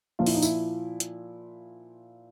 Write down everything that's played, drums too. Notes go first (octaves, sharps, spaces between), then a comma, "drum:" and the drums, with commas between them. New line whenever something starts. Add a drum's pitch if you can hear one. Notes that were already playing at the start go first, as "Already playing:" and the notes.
A#2 F3 F4
E4, drum: open hi-hat
D#4
E4, drum: tambourine
drum: hi-hat